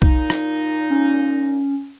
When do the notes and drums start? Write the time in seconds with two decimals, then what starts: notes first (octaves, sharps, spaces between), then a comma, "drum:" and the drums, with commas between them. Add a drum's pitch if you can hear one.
0.02 A#2 D#4, drum: kick B1
0.30 drum: rim click
0.90 C#4